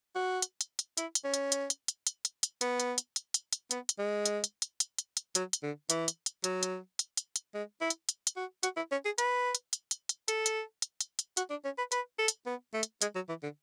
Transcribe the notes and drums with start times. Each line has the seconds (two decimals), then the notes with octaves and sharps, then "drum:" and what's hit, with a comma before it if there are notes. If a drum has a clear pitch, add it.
0.15 F#4
0.42 drum: hi-hat
0.61 drum: hi-hat
0.79 drum: hi-hat
0.97 E4, drum: hi-hat
1.15 drum: hi-hat
1.24 C#4
1.34 drum: hi-hat
1.52 drum: hi-hat
1.70 drum: hi-hat
1.88 drum: hi-hat
2.07 drum: hi-hat
2.25 drum: hi-hat
2.43 drum: hi-hat
2.61 B3, drum: hi-hat
2.80 drum: hi-hat
2.98 drum: hi-hat
3.16 drum: hi-hat
3.34 drum: hi-hat
3.53 drum: hi-hat
3.71 B3, drum: hi-hat
3.89 drum: hi-hat
3.98 G#3
4.26 drum: hi-hat
4.44 drum: hi-hat
4.62 drum: hi-hat
4.80 drum: hi-hat
4.99 drum: hi-hat
5.17 drum: hi-hat
5.35 F#3, drum: hi-hat
5.53 drum: hi-hat
5.63 D3
5.90 E3, drum: hi-hat
6.08 drum: hi-hat
6.26 drum: hi-hat
6.44 F#3, drum: hi-hat
6.63 drum: hi-hat
6.99 drum: hi-hat
7.17 drum: hi-hat
7.36 drum: hi-hat
7.54 G#3
7.81 E4
7.90 drum: hi-hat
8.09 drum: hi-hat
8.27 drum: hi-hat
8.36 F#4
8.63 F#4, drum: hi-hat
8.76 E4
8.91 C#4
9.05 G#4
9.18 B4, drum: hi-hat
9.55 drum: hi-hat
9.73 drum: hi-hat
9.91 drum: hi-hat
10.09 drum: hi-hat
10.28 A4, drum: hi-hat
10.46 drum: hi-hat
10.82 drum: hi-hat
11.01 drum: hi-hat
11.19 drum: hi-hat
11.37 F#4, drum: hi-hat
11.50 D4
11.65 C#4
11.78 B4
11.92 B4, drum: hi-hat
12.19 A4
12.28 drum: hi-hat
12.46 B3
12.73 A3
12.83 drum: hi-hat
13.02 G#3, drum: hi-hat
13.15 F#3
13.29 E3
13.43 D3